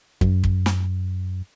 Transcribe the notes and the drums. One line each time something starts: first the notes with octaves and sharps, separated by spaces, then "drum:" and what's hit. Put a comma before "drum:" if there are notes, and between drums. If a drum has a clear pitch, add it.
F#2, drum: kick
drum: kick
drum: snare